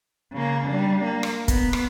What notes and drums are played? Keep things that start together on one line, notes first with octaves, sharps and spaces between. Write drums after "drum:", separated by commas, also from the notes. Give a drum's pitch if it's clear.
C#3 A#3
G3 D4
A#3
drum: rim click
B3, drum: kick, hi-hat
drum: rim click